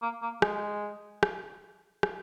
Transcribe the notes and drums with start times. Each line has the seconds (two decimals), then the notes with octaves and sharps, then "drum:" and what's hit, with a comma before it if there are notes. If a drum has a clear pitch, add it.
0.02 A#3
0.22 A#3
0.42 G#3, drum: rim click
1.23 drum: rim click
2.03 drum: rim click